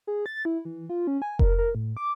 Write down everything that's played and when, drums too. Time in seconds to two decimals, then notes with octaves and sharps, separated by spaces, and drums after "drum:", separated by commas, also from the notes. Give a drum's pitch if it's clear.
0.07 G#4
0.26 A6
0.45 E4
0.65 E3
0.90 F4
1.07 C#4
1.22 G#5
1.39 A#4, drum: kick F1
1.58 A#4
1.75 A2
1.97 D6